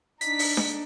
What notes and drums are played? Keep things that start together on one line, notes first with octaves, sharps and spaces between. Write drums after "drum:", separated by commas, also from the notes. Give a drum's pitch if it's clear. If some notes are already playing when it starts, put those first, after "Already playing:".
D4 D#4 B6, drum: hi-hat
drum: open hi-hat
drum: snare D4